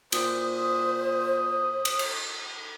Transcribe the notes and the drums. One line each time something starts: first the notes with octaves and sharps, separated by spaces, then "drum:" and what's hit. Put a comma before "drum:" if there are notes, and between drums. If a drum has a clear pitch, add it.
A#2 C5 D#6, drum: cymbal
drum: cymbal
drum: cymbal